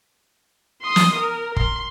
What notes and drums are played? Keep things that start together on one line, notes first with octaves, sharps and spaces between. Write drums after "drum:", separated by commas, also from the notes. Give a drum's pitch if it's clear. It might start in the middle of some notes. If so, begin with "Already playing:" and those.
C6 D#6
drum: snare
A#4
C6, drum: kick